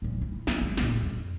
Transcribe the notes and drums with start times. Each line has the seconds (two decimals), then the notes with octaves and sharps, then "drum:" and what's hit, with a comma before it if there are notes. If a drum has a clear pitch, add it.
0.02 A#2 F3
0.21 E4
0.47 F#3, drum: snare
0.61 D#1 G#3
0.77 A1 A#2, drum: snare
1.02 F2 D4